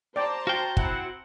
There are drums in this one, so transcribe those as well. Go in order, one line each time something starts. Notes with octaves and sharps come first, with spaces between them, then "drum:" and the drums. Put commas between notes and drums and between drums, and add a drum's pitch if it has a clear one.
C5 D5 G5 A5 A#5
F#4 F5 G5
C4 E4 F#5, drum: kick